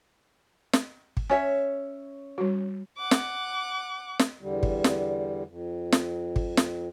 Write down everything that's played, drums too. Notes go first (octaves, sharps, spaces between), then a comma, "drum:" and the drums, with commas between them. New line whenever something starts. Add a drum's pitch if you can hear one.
drum: snare
drum: kick G#1
C#4 C#5 E5 G#5
G3 F#4
F#5 D6
drum: snare
drum: snare
E2 D3 G3
drum: kick G#1
drum: snare
F2
drum: snare
drum: kick G#1
drum: snare